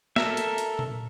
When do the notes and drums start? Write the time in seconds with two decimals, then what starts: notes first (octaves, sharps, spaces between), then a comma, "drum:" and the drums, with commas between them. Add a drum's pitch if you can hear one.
0.16 A4 A#4 E5, drum: snare
0.37 drum: hi-hat
0.58 drum: hi-hat
0.79 drum: tom A#2